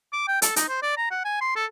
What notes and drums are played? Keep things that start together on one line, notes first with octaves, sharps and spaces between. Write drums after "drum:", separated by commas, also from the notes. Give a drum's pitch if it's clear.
D6
G5
A4, drum: hi-hat
D#4, drum: hi-hat
C5
D5
A#5
F#5
G#5
C6
A4